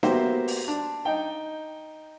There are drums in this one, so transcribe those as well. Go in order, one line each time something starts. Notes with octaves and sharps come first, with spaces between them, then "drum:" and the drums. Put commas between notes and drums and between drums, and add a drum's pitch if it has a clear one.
A#3 B3 F#4 G4 C5 E5, drum: snare B3
drum: open hi-hat
D4
D#4 G5